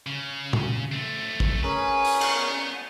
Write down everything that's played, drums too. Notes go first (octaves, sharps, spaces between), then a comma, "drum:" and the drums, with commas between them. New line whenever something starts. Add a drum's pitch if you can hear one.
C#3
drum: tom
A3 C4
drum: kick
C#4 G#4 A#4 B4
drum: open hi-hat
B3 F#5, drum: cymbal